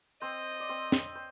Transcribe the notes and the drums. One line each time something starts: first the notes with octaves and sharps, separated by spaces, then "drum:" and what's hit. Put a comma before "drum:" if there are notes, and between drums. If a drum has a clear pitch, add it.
C4 C5 D#5
D5
C4 C5
drum: snare
C5